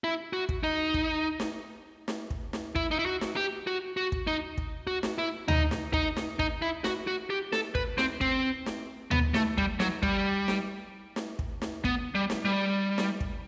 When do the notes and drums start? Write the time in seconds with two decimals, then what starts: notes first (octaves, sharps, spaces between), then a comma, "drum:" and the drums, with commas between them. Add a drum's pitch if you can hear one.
0.04 E4
0.33 F#4
0.49 drum: kick
0.63 D#4
0.94 drum: kick
1.40 drum: snare
2.08 drum: snare
2.30 drum: kick
2.53 drum: snare
2.76 E4, drum: kick
2.91 D#4
2.99 E4
3.06 F#4
3.21 drum: snare
3.36 G4
3.67 F#4
3.97 F#4
4.12 drum: kick
4.27 D#4
4.58 drum: kick
4.87 F#4
5.03 drum: snare
5.18 E4
5.48 D#4, drum: tom D2
5.71 drum: snare
5.93 D#4, drum: kick
6.17 drum: snare
6.39 D#4, drum: kick
6.62 E4
6.84 F#4, drum: snare
7.07 F#4
7.30 G4
7.53 A4, drum: snare
7.75 B4, drum: kick
7.98 C4, drum: snare
8.21 C4, drum: kick
8.66 drum: snare
9.11 B3, drum: tom D2
9.34 A3, drum: snare
9.58 G3, drum: kick
9.80 F#3, drum: snare
10.03 G3, drum: kick
10.48 drum: snare
11.16 drum: snare
11.39 drum: kick
11.62 drum: snare
11.85 B3, drum: kick
12.15 G3
12.30 drum: snare
12.45 G3
12.98 drum: snare
13.21 drum: kick